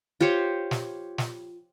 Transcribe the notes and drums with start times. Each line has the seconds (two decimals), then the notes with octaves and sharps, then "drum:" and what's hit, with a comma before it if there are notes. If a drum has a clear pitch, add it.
0.21 F4 G4 C5 C#5
0.71 drum: snare
1.18 drum: snare